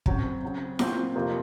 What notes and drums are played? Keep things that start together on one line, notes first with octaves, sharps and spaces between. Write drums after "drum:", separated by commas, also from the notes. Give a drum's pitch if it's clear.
C#3 F#3 C4, drum: kick
C#3 F#3 C4
A#2 F#3 C4 F4, drum: snare E4
F2 C3 F3 A#3 F4